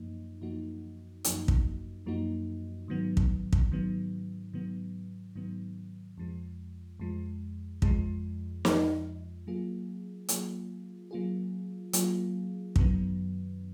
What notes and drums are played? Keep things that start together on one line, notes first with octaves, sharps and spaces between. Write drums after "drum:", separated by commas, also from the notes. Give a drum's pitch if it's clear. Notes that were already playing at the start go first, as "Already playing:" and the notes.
Already playing: F#2 F3 A#3 D#4
F#2 F3 A#3 D#4 F#4
F#2 F3 A#3 D#4 F#4, drum: hi-hat
drum: kick
F#2 F3 A#3 D#4 F#4
G#2 D#3 F#3 B3
drum: kick
drum: kick
G#2 D#3 F#3 B3
G#2 D#3 F#3 B3
G#2 D#3 F#3 B3
F2 F3 G#3
F2 F3 G#3
F2 F3 G#3, drum: kick
F2 F3 G#3, drum: snare
F#3 A#3 F4 G#4
F#3 A#3 F4 G#4, drum: hi-hat
F#3 A#3 F4 G#4
F#3 A#3 F4 G#4, drum: hi-hat
F#2 D#3 F#3 B3, drum: kick